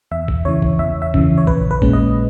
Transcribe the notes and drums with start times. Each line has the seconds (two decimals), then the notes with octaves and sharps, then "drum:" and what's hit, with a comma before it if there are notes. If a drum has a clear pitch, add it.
0.11 E2 E5
0.28 drum: kick
0.45 C#3 E3 C#5
0.62 drum: kick
0.79 E2 E5
1.02 E5
1.14 C#3 E3, drum: kick
1.38 C#5
1.47 A#1 B4, drum: kick
1.71 B4
1.82 A#2 G#3 C#4, drum: kick
1.93 D#5